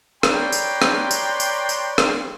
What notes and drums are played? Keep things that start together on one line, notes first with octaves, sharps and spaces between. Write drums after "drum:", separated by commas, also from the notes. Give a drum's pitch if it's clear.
B4 C#5 D5 G5 A#5 C6, drum: rim click
drum: tambourine
drum: rim click
drum: tambourine
drum: tambourine
drum: tambourine
drum: rim click